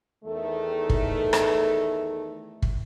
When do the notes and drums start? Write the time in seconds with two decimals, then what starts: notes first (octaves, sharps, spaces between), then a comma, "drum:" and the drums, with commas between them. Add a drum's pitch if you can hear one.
0.25 E2 D#3 A3
0.90 drum: kick
1.33 drum: rim click
2.62 drum: kick